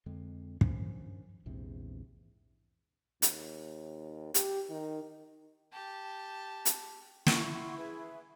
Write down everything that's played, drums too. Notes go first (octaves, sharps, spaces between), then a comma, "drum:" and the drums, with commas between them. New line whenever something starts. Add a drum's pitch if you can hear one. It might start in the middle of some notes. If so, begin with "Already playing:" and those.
F2 D3 G#3 C4
G2 D#3 F3 C#4, drum: kick
A#1 E2 G#2 C3
D#2, drum: hi-hat
G4, drum: hi-hat
D#3
G4 A5
drum: hi-hat
E4 F#5 C6 C#6, drum: snare
G#4 B4 E5